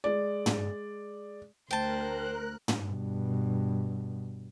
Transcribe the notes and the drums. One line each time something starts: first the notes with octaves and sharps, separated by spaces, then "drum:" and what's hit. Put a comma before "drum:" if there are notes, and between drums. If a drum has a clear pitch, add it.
G#3 D5
drum: tom
D2 A#4 C5 G5 A5 F#6
drum: tom
G2 B2